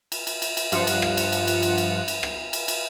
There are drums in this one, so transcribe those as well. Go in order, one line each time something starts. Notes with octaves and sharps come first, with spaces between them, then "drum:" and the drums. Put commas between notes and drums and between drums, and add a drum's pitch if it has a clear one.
drum: cymbal
drum: cymbal
drum: cymbal
drum: cymbal
G2 F3 F4 F#5, drum: cymbal
drum: cymbal
drum: rim click
drum: cymbal
drum: cymbal
drum: cymbal
drum: cymbal
drum: cymbal
drum: cymbal
drum: rim click
drum: cymbal
drum: cymbal